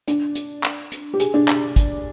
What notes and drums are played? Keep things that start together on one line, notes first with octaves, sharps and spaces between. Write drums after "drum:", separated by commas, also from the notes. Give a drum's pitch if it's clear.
D4, drum: hi-hat
drum: hi-hat
drum: clap
drum: hi-hat
G4
G#4, drum: hi-hat
D4
drum: clap
drum: kick, hi-hat